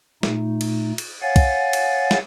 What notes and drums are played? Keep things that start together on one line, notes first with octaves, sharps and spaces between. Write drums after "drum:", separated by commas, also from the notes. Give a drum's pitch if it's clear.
A#2 A3 D#4, drum: snare
drum: cymbal
drum: cymbal
C#5 F5 F#5 G#5 A6
drum: kick, cymbal
drum: cymbal
drum: snare